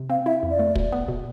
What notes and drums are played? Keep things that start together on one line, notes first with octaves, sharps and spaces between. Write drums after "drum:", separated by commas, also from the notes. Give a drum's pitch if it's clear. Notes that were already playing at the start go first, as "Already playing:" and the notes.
Already playing: C3
C4 F5
E4 E5
F2
D5
A3
B2, drum: kick
B3
B2